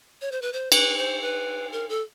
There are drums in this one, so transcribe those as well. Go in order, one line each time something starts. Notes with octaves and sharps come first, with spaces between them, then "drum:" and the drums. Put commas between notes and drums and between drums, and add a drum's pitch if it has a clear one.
C#5
C5
B4
C5
B4, drum: cymbal
C5
B4
A#4
A4